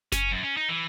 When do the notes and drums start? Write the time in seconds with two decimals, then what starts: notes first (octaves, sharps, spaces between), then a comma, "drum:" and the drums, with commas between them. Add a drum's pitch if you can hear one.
0.12 C#4, drum: snare F#1
0.32 F#2
0.44 C#4
0.57 D#4
0.69 E3